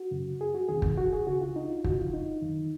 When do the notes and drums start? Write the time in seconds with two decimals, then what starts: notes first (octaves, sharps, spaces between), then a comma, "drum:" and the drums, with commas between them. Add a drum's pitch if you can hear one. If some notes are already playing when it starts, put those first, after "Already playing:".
Already playing: F#4
0.11 F#2 C#3
0.41 G#4
0.55 F#4
0.69 C2 C3 D#3 G#4
0.82 drum: kick
0.98 F#4
1.13 G#4
1.27 C#2 C#3 F#4
1.41 F4
1.56 D#4
1.70 F4
1.84 F2 C#3 F#4, drum: kick
1.99 F4
2.14 D#4
2.42 F#2 D#3